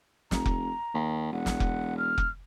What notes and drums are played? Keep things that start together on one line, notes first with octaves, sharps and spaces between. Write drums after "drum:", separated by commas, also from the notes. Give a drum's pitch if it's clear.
F1 A#5, drum: snare
drum: kick F1
D#2
E1 F#5
drum: snare
drum: kick F1
F6
drum: kick F1